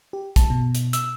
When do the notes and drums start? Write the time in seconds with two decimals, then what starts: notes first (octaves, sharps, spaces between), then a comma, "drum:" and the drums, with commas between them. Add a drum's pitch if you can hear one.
0.13 G4
0.36 A5, drum: kick, hi-hat
0.50 B2
0.75 drum: hi-hat
0.93 E6, drum: hi-hat